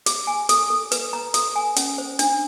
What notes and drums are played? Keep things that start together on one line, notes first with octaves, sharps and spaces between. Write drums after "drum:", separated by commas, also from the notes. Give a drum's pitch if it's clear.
G#4, drum: hi-hat
G#5
A4, drum: hi-hat
A4
B4, drum: hi-hat
A#5
A4, drum: hi-hat
G#5
C#4, drum: hi-hat
C5
D4, drum: hi-hat